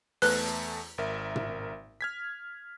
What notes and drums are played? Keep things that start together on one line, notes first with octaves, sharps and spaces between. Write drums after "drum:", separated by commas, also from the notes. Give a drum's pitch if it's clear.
E2 A3 B4 A5 F#6, drum: open hi-hat
G#1 A#4 E5
drum: tom
F6 G#6 B6